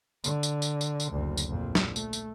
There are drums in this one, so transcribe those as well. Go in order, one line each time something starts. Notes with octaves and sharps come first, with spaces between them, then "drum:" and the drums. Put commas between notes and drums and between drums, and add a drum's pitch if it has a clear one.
D3, drum: tambourine
drum: tambourine
drum: tambourine
drum: tambourine
drum: tambourine
F#1 D2
drum: tambourine
A#1 F2
drum: snare
A3, drum: tambourine
drum: tambourine